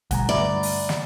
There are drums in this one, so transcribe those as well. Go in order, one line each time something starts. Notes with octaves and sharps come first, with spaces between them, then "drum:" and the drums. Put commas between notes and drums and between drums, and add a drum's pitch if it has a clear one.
D2 B2 G3 F#5 G#5 A#5, drum: kick, hi-hat
G2 D3 A3 D5 E5 B5
drum: open hi-hat
drum: snare